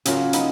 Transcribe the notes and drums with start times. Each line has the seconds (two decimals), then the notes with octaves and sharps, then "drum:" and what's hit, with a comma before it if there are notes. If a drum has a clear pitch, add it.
0.05 C#3 F#3 A#3 C#4 F4, drum: hi-hat
0.33 B3 D#4, drum: hi-hat